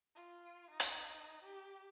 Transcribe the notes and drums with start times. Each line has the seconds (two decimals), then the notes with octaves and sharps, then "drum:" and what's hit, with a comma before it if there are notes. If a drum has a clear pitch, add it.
0.15 F4
0.70 D#4
0.80 drum: hi-hat
1.43 G4